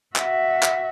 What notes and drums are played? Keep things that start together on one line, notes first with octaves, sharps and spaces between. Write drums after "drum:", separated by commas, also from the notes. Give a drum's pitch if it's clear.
F#4 E5, drum: clap
drum: clap